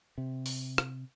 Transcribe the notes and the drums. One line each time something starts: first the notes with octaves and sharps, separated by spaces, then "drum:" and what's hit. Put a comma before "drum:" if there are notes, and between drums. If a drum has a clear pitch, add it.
C3
drum: open hi-hat
drum: rim click